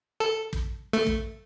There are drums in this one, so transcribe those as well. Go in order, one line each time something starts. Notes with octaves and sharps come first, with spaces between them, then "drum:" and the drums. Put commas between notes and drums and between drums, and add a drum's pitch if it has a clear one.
A4
drum: kick
A3
drum: kick